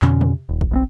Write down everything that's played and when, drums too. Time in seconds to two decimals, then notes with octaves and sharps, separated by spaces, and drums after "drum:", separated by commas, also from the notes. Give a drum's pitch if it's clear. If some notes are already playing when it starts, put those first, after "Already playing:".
0.02 F2 B2 D3 C#4, drum: clap
0.21 drum: tom C3
0.49 D#1
0.61 drum: kick
0.71 B1 G#3 C4